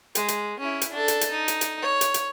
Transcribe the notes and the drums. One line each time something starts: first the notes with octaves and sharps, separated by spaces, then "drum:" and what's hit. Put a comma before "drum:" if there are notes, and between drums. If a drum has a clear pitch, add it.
G#3, drum: hi-hat
drum: hi-hat
C#4 E4
drum: hi-hat
D4 A4
drum: hi-hat
drum: hi-hat
D#4
drum: hi-hat
drum: hi-hat
C#5
drum: hi-hat
drum: hi-hat